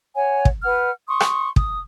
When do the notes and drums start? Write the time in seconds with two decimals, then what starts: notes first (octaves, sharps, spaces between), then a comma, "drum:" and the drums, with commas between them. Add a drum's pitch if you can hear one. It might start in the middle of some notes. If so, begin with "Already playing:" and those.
0.15 C#5 F#5 G#5
0.45 drum: kick
0.64 B4 F#5 F6
1.08 C6 C#6 D#6
1.20 drum: rim click
1.56 D#6, drum: kick